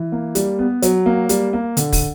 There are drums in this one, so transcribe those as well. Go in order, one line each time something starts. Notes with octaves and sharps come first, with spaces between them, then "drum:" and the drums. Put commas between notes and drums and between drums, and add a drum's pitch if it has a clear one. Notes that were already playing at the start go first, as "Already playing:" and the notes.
Already playing: E3
A#3
G3, drum: hi-hat
B3
F#3, drum: hi-hat
A#3
G3, drum: hi-hat
A#3
D3, drum: hi-hat
drum: kick, open hi-hat